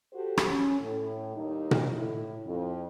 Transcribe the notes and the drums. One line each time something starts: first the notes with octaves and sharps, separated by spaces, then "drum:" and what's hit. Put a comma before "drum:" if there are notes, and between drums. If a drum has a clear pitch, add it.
F#4 G4 A4 C5
drum: rim click
C#4
A2
D#2 G3 D#4
drum: tom A#2
A2 E4
F2